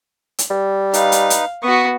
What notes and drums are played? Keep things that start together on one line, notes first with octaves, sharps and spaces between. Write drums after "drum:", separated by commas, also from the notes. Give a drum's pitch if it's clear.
drum: hi-hat
G3
D#4 B4 F5, drum: hi-hat
drum: hi-hat
drum: hi-hat
B3 F#4 C#6 D#6